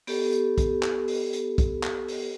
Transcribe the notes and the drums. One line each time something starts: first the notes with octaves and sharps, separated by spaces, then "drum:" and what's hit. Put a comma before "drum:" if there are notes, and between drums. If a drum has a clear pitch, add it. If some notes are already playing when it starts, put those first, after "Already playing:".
B3 G4 A4, drum: open hi-hat
drum: hi-hat
drum: kick B1, hi-hat
drum: clap
drum: open hi-hat
drum: hi-hat
drum: kick B1, hi-hat
drum: clap
drum: open hi-hat